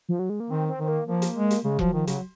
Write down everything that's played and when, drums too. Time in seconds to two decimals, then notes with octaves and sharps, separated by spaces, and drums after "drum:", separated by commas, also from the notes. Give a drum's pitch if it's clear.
0.09 F3
0.19 F#3
0.30 G#3
0.40 A#3
0.50 D#3 C4
0.69 C4
0.79 D#3 C4
0.88 A#3
1.07 F3 A#3
1.22 drum: hi-hat
1.36 G#3
1.50 drum: hi-hat
1.64 C#3 G#3
1.79 F3 F#3, drum: kick E1
1.93 D#3 F3
2.07 C#3 F#3, drum: hi-hat